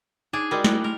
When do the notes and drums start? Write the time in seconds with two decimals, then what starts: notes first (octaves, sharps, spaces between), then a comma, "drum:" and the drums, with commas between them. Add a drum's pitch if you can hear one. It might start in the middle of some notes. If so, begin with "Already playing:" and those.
0.33 D4 D#4 G#4 D5
0.51 G3 G#3 F#4 A#4 D5
0.64 A3 E4 F#6, drum: snare
0.84 A#4